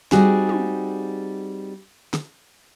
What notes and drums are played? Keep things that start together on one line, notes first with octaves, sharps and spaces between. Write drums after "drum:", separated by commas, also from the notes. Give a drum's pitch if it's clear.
G3 C4 D#4 F#4 G#4, drum: snare
drum: tom
drum: snare